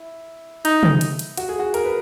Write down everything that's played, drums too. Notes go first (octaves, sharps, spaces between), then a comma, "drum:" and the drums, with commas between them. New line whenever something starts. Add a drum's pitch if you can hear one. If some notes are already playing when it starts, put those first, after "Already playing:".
Already playing: E4
D#4, drum: hi-hat
drum: tom
drum: hi-hat
drum: hi-hat
F#4, drum: hi-hat
G#4
F#4
A#4, drum: hi-hat
B4